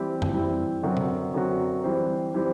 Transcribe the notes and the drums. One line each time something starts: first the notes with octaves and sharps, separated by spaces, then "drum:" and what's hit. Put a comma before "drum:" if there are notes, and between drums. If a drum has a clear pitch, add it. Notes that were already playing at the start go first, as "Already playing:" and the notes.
Already playing: E3 G3 C4 E4 G4
drum: tom F2
E3 G3 C4 E4 G4
F#2 D3 F#3 C4 F#4
drum: tom B2
F#2 D3 F#3 C4 F#4
E3 G3 C4 G4 C5
E3 G3 C4 G4 C5